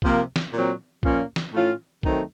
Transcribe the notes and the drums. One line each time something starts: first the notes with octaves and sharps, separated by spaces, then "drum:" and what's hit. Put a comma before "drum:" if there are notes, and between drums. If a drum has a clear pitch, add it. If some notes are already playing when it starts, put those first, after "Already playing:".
C3 F3 A#3, drum: kick A#1
drum: snare
A#2 F#3 C4
A#2 F3 A#3 C#4, drum: kick A#1
drum: snare
A2 A3 C#4 F4
D#3 F#3 A3 C4 D#4, drum: kick A#1